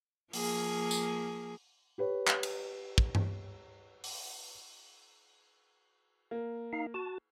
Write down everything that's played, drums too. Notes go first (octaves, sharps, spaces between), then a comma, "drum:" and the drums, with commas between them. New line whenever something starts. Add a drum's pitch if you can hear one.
F3 A#3 G#4, drum: open hi-hat
drum: tambourine
G4 B4 C#5
drum: clap
drum: cymbal
drum: kick
drum: tom G2
drum: open hi-hat
A#3
D#4 F5
F#4 A5